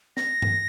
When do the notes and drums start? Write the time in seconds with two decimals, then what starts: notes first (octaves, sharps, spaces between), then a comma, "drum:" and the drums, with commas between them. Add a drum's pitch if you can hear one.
0.17 A#6, drum: snare
0.42 drum: tom G2